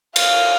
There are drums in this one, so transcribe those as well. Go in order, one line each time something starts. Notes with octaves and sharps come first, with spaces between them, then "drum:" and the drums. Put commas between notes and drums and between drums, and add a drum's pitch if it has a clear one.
F5, drum: cymbal